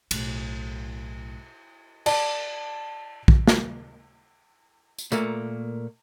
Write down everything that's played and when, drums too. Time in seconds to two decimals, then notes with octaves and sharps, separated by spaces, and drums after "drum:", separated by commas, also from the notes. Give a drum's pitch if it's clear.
0.11 B1 A2, drum: cymbal
2.06 D5 A5, drum: cymbal
3.28 drum: kick
3.48 drum: snare
4.99 drum: tambourine
5.12 A#2 A3 A#3, drum: tambourine